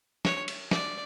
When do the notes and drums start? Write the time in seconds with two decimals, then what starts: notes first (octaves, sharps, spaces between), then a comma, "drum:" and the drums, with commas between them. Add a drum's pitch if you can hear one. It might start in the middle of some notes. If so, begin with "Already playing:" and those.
0.25 C#5, drum: snare
0.48 drum: cymbal
0.71 D5, drum: snare